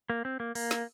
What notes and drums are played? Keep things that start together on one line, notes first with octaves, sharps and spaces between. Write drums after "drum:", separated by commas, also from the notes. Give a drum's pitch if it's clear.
A#3
C4
A#3
A#3, drum: open hi-hat
drum: snare